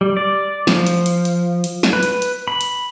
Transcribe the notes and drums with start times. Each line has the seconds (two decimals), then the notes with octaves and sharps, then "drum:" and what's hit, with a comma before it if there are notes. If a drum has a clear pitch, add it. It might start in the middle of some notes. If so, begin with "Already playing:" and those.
0.01 G3
0.17 D5
0.67 F3, drum: snare
0.87 drum: hi-hat
1.06 drum: hi-hat
1.25 drum: hi-hat
1.64 drum: hi-hat
1.83 drum: snare
1.93 B4
2.03 drum: hi-hat
2.22 drum: hi-hat
2.48 B5
2.61 drum: hi-hat